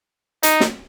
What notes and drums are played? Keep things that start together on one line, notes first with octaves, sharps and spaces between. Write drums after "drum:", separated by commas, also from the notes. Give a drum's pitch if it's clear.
D#4, drum: hi-hat
drum: snare